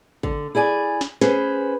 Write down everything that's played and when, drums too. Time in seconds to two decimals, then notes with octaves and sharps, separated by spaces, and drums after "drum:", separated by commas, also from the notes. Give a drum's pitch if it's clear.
0.23 D3, drum: kick
0.55 E4 G#4 D5 G#5
1.01 drum: snare
1.21 C#4 G#4 B4 C5, drum: snare